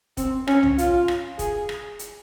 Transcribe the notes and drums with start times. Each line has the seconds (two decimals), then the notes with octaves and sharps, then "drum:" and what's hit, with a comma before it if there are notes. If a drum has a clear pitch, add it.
0.17 C4, drum: kick F1, hi-hat
0.47 C#4, drum: rim click
0.63 drum: tom
0.78 F4, drum: hi-hat
1.08 drum: rim click
1.39 G#4, drum: kick F1, hi-hat
1.69 drum: rim click
1.99 drum: hi-hat